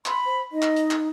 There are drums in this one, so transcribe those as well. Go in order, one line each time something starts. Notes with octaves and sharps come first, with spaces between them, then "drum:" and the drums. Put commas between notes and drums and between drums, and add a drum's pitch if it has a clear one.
B5 C6, drum: clap
C5
D#4 D#5
drum: clap
drum: hi-hat
drum: clap